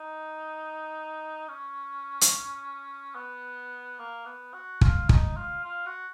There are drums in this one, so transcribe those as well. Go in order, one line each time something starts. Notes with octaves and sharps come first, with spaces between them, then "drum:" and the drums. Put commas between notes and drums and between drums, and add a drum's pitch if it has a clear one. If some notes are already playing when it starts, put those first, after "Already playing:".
Already playing: D#4
C#4
drum: hi-hat
B3
A#3
B3
F#4
F4, drum: kick
D#4, drum: kick
F4
F4
F#4